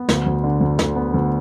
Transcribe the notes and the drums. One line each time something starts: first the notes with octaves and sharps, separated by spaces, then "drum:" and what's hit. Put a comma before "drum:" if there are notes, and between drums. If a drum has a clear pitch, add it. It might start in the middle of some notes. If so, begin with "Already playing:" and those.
Already playing: B3
D2, drum: snare
D2
D3
D2
D2, drum: snare
B3
D2